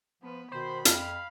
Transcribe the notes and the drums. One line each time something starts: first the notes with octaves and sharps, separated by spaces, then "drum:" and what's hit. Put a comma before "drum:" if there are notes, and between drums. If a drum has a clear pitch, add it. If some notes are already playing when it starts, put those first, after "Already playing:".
F3 B3 B4
B2 D#3 C5 B5
F2 F5, drum: hi-hat